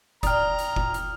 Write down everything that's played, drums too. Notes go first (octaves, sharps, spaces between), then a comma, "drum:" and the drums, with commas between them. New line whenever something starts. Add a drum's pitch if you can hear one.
D5 G5 A#5 D#6 F6, drum: kick F1, hi-hat
drum: hi-hat
drum: kick F1
drum: hi-hat